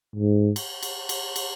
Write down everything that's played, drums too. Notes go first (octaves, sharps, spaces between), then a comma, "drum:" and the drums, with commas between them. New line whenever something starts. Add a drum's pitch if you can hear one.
G#2
drum: cymbal
drum: cymbal
drum: cymbal
drum: cymbal